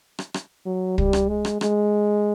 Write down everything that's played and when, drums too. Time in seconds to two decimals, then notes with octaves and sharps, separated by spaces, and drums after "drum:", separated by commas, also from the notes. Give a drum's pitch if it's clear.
0.19 drum: rim click
0.34 drum: rim click
0.66 F#3
0.98 G3, drum: kick
1.13 drum: rim click
1.29 G#3
1.45 drum: rim click
1.61 G#3, drum: rim click